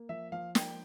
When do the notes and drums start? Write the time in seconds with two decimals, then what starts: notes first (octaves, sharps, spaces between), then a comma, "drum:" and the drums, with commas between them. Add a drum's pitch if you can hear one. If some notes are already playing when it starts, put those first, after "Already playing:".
Already playing: A#3
0.09 F3 E5
0.32 F3 F5
0.55 A#3 G5, drum: snare